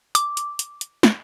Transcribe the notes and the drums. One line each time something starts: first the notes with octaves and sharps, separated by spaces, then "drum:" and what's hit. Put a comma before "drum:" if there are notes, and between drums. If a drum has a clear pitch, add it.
D6, drum: hi-hat
drum: hi-hat
drum: hi-hat
drum: hi-hat
drum: snare